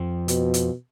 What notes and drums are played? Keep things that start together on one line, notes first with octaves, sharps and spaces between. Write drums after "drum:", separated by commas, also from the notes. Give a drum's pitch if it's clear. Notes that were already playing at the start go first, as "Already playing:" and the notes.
Already playing: F2 F3
B2, drum: hi-hat
drum: hi-hat